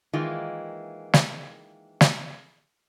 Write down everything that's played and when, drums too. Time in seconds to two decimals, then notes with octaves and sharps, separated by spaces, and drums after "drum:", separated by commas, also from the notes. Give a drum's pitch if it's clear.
0.13 D#3 E3 G#3 A#3 F4
1.13 drum: snare
2.01 drum: snare